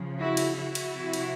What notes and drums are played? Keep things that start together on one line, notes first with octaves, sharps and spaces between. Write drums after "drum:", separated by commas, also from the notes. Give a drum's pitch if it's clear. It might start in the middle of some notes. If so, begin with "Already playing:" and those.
Already playing: C#3 F3
E4 F#4
drum: cymbal
E4 F#4
drum: cymbal
C3 F3
drum: cymbal